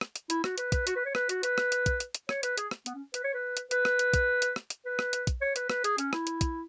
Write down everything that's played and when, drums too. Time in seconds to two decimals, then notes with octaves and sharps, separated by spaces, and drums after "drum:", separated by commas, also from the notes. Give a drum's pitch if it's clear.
0.01 drum: rim click
0.16 drum: hi-hat
0.30 E4, drum: hi-hat
0.44 F#4, drum: rim click
0.58 B4, drum: hi-hat
0.72 B4, drum: kick, hi-hat
0.87 F#4, drum: hi-hat
0.96 B4
1.05 C#5
1.15 B4, drum: rim click
1.29 F#4, drum: hi-hat
1.43 B4, drum: hi-hat
1.58 drum: rim click
1.72 drum: hi-hat
1.86 drum: kick, hi-hat
2.00 drum: hi-hat
2.15 drum: hi-hat
2.29 C#5, drum: rim click
2.43 B4, drum: hi-hat
2.58 G#4, drum: hi-hat
2.71 drum: rim click
2.86 B3, drum: hi-hat
2.95 C#4
3.14 B4, drum: hi-hat
3.24 C#5
3.34 B4
3.57 drum: hi-hat
3.71 B4, drum: hi-hat
3.85 drum: rim click
3.99 drum: hi-hat
4.14 drum: kick, hi-hat
4.42 drum: hi-hat
4.56 drum: rim click
4.70 drum: hi-hat
4.85 B4
4.99 drum: rim click
5.13 drum: hi-hat
5.27 drum: kick, hi-hat
5.41 C#5
5.56 B4, drum: hi-hat
5.70 B4, drum: rim click
5.84 G#4, drum: hi-hat
5.98 C#4, drum: hi-hat
6.13 E4, drum: rim click
6.27 drum: hi-hat
6.41 drum: kick, hi-hat